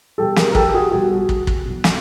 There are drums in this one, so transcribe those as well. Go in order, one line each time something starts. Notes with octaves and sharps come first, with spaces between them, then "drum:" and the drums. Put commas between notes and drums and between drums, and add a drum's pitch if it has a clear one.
B2 G3 G4 A4
G#4 A#4, drum: snare
A#4
G4 A4, drum: kick
G4
F#4 G#4
B2 G3 F#4 G#4
drum: kick
drum: kick
B2 F#3
drum: snare